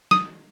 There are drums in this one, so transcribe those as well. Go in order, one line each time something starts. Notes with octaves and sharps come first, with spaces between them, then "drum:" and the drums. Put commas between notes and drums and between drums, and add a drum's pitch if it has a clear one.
D#6, drum: snare